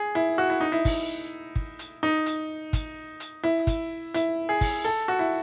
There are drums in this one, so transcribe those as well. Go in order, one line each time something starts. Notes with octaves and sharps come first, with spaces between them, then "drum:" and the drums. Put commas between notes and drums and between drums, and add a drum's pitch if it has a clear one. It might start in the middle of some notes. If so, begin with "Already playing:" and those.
Already playing: G#4
E4
F#4
E4
D#4
E4
drum: kick, open hi-hat
drum: kick
drum: hi-hat
D#4
drum: hi-hat
drum: kick, hi-hat
drum: hi-hat
E4
drum: kick, hi-hat
E4, drum: hi-hat
G#4
drum: kick, open hi-hat
A4
F#4
E4